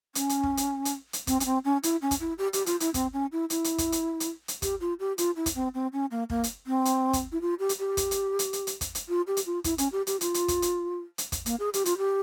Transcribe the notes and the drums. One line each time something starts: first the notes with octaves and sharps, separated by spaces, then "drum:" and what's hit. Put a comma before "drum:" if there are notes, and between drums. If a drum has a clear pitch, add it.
C#4, drum: hi-hat
drum: hi-hat
drum: kick
drum: hi-hat
drum: hi-hat
drum: hi-hat
C4, drum: kick, hi-hat
C#4, drum: hi-hat
C4
C#4
E4, drum: hi-hat
C#4
drum: kick, hi-hat
E4
G4
G4, drum: hi-hat
F4, drum: hi-hat
E4, drum: hi-hat
C4, drum: kick, hi-hat
C#4
E4
E4, drum: hi-hat
drum: hi-hat
drum: kick, hi-hat
drum: hi-hat
drum: hi-hat
drum: hi-hat
G4, drum: kick, hi-hat
F4
G4
F4, drum: hi-hat
E4
drum: kick, hi-hat
C4
C4
C#4
A#3
A#3, drum: kick
drum: hi-hat
C4
drum: hi-hat
drum: kick, hi-hat
E4
F4
G4
drum: hi-hat
G4
drum: kick, hi-hat
drum: hi-hat
drum: hi-hat
drum: hi-hat
drum: hi-hat
drum: kick, hi-hat
drum: hi-hat
F4
G4
drum: hi-hat
F4
E4, drum: kick, hi-hat
C#4, drum: hi-hat
G4
G4, drum: hi-hat
F4, drum: hi-hat
drum: hi-hat
drum: kick, hi-hat
drum: hi-hat
drum: hi-hat
drum: kick, hi-hat
A#3, drum: hi-hat
G#4
G4, drum: hi-hat
F4, drum: hi-hat
G4